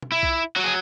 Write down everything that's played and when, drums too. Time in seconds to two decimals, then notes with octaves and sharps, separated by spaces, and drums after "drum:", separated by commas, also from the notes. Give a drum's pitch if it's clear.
0.02 drum: tom B2
0.12 E4
0.23 drum: kick B1
0.56 F#3 F#4
0.64 G#4